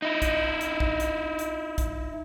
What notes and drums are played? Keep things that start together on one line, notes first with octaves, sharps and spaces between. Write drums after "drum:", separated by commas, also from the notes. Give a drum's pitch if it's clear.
D#4 E4
drum: kick, hi-hat
drum: hi-hat
drum: kick
drum: hi-hat
drum: hi-hat
drum: kick, hi-hat